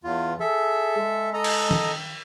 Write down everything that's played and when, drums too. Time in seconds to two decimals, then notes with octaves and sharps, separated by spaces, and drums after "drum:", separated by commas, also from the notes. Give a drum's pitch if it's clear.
0.04 E2 E3 F4
0.40 G#4 A4 E5
0.98 G#3
1.34 A4 D#5 A#5
1.44 drum: cymbal
1.71 D#3, drum: tom